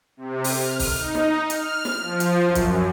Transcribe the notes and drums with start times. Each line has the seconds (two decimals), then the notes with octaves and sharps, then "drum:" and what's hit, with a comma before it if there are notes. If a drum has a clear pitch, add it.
0.17 C3
0.44 drum: open hi-hat
0.57 F6
0.79 drum: kick, open hi-hat
0.96 D#4
1.15 drum: snare
1.50 F6, drum: hi-hat
1.85 drum: snare
2.00 F3
2.20 drum: hi-hat
2.45 F#2
2.55 drum: kick, hi-hat